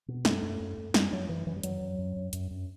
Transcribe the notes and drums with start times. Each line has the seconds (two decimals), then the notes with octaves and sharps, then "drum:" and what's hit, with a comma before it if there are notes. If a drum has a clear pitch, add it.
0.08 B2
0.25 F#2 A3, drum: snare
0.42 F#2
0.60 F#2
0.77 F#2
0.94 F#2 G3, drum: snare
1.12 F#2 F#3
1.29 F#2 E3
1.46 F#2 E3
1.56 G3
1.63 F#2 F#3, drum: hi-hat
1.81 F#2
1.99 F#2
2.16 F#2
2.33 F#2, drum: hi-hat
2.51 F#2